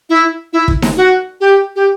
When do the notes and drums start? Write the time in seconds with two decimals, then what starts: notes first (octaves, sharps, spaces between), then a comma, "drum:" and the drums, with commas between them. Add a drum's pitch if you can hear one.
0.10 E4
0.53 E4
0.68 drum: kick
0.82 drum: snare D#4
0.97 F#4
1.41 G4
1.76 G4